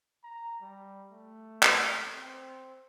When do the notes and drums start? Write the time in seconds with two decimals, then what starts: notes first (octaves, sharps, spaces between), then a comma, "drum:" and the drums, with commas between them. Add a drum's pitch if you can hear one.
0.24 A#5
0.62 G3
1.12 A3
1.63 drum: clap
2.18 C4